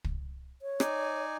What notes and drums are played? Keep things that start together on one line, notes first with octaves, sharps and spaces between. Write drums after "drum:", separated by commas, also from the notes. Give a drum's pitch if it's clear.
drum: kick
C#5
D#4 D5 G#5, drum: rim click